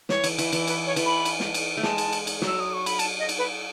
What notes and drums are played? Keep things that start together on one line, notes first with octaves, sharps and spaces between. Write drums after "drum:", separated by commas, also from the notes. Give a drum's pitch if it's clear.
E3 C#5, drum: snare
E3, drum: cymbal
E3, drum: cymbal
E3, drum: cymbal
B4, drum: cymbal
C#5
E3, drum: cymbal
B5
drum: cymbal
drum: snare
drum: cymbal
A3
G#3 A5, drum: snare
drum: cymbal
drum: cymbal
drum: cymbal
F#3 E6, drum: snare
D#6
C#6
B5, drum: cymbal
A5, drum: cymbal
D#5
drum: cymbal
B4